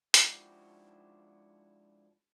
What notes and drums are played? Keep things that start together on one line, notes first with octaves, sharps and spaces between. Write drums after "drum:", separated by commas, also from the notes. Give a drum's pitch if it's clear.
G#2 F3 D4 E4 F#4 G4, drum: hi-hat